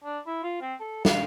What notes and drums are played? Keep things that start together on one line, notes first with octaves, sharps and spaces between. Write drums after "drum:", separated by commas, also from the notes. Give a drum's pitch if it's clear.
D4
E4
F4
C4
A4
F5, drum: snare